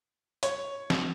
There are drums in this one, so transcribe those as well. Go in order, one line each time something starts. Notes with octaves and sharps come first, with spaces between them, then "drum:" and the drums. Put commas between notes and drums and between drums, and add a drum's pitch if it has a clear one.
C#5, drum: hi-hat
drum: snare